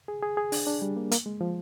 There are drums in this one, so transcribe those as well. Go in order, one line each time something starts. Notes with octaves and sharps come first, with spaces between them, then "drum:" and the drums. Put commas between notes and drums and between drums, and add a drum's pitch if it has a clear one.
G#4
G#4
G#4
D4, drum: open hi-hat
D4
G3
A#3
A#3, drum: hi-hat
G#3
F3